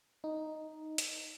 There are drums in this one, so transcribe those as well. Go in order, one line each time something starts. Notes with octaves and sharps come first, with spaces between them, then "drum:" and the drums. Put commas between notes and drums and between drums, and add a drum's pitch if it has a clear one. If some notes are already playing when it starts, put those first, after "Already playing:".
D#4
drum: hi-hat